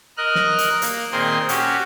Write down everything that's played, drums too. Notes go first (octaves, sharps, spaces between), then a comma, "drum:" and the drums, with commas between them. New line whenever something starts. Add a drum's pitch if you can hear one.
A#4 D#5 F6 F#6
drum: snare
drum: hi-hat
A#3, drum: hi-hat
A#2 D#3 A#3 C4 G#4 C6
C#4 F#4 G4, drum: hi-hat